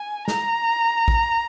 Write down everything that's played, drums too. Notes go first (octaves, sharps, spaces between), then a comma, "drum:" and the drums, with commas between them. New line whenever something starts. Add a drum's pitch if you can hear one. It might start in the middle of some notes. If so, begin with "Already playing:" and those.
Already playing: G#5
A#5, drum: snare
drum: kick A1